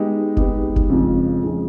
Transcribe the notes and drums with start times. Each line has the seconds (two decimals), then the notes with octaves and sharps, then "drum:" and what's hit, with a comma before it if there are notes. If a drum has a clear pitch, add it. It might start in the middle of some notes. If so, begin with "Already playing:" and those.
Already playing: G#3 B3 D#4 G4
0.37 G#3 B3 D#4 G4, drum: kick F1
0.76 drum: kick F1
0.90 F2 C#3 F3 G#3
1.43 F2 C#3 F3 G#3